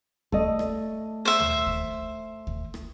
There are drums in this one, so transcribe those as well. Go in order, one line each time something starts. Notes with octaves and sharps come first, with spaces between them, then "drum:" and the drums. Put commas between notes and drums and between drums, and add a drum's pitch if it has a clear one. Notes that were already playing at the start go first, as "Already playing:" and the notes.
A3 D5 D#5, drum: kick D2
drum: rim click
C5 E5
drum: tom
drum: kick D2
drum: kick D2
drum: rim click